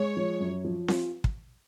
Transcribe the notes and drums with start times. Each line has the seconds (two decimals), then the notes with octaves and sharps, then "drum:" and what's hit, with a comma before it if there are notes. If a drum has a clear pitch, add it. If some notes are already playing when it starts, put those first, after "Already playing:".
Already playing: G#3 C#5
0.17 F3
0.40 F#2
0.65 F3
0.88 F4, drum: snare C4
1.24 drum: kick